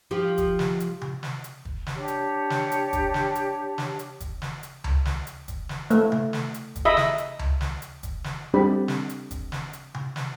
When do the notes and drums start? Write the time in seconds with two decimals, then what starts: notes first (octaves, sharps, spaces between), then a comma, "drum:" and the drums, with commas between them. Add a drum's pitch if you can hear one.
0.11 F3 G4
0.38 drum: kick, hi-hat
0.59 drum: snare
0.80 drum: hi-hat
1.01 drum: tom C3
1.23 drum: snare
1.44 drum: hi-hat
1.65 drum: kick
1.87 drum: snare
1.96 D4 G4 C#5
2.08 drum: hi-hat
2.50 drum: snare
2.72 drum: hi-hat
2.93 drum: kick, hi-hat
3.14 drum: snare
3.35 drum: hi-hat
3.78 drum: snare
3.99 drum: hi-hat
4.20 drum: kick, hi-hat
4.42 drum: snare
4.63 drum: hi-hat
4.84 drum: tom C#2
5.05 drum: snare
5.27 drum: hi-hat
5.48 drum: kick, hi-hat
5.69 drum: snare
5.90 A3, drum: hi-hat
6.12 drum: tom C3
6.33 drum: snare
6.54 drum: hi-hat
6.76 drum: kick, hi-hat
6.85 D#5 E5 B5
6.97 drum: snare
7.18 drum: hi-hat
7.39 drum: tom C#2
7.61 drum: snare
7.82 drum: hi-hat
8.03 drum: kick, hi-hat
8.24 drum: snare
8.54 G3 C4 D4 G4 D5 B5
8.88 drum: snare
9.09 drum: hi-hat
9.31 drum: kick, hi-hat
9.52 drum: snare
9.73 drum: hi-hat
9.94 drum: tom C3
10.16 drum: snare